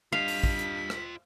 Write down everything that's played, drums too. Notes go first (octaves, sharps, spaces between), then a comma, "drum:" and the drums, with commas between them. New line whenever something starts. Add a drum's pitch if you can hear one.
G2 F4 D#5 F5 B6
drum: open hi-hat
drum: kick
drum: hi-hat
drum: rim click